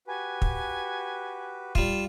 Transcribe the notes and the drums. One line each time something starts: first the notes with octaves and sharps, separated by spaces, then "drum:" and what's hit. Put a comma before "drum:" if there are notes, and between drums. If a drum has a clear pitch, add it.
F#4 G4 B4 G#5
drum: kick
G3 F4 E7, drum: kick